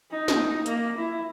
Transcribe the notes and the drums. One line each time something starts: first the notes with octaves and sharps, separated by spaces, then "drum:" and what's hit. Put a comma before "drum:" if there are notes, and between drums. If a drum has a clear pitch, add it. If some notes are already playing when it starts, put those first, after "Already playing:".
D#4
drum: snare
A#3, drum: hi-hat
E4